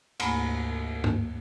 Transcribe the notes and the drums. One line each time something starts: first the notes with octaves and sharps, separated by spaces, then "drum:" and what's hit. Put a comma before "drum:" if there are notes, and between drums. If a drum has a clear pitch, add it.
D2 G#2 A3 A#3 G#5 B5, drum: cymbal
drum: tom G2